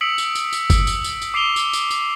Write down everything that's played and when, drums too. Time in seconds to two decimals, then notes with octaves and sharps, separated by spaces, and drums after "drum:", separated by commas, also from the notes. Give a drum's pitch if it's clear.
0.01 D#6 E6 B6 C#7 D7 F#7
0.18 drum: tambourine
0.35 drum: tambourine
0.53 drum: tambourine
0.70 drum: kick, tambourine
0.87 drum: tambourine
1.04 drum: tambourine
1.22 drum: tambourine
1.34 D6 C7 D7 F7 G7
1.56 drum: tambourine
1.73 drum: tambourine
1.91 drum: tambourine